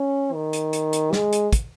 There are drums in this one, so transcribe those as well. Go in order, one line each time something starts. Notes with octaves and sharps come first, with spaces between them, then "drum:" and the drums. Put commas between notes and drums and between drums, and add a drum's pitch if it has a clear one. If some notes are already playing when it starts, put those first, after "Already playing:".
Already playing: C#4
D#3
drum: hi-hat
drum: hi-hat
drum: hi-hat
G#3, drum: snare
drum: hi-hat
drum: kick, hi-hat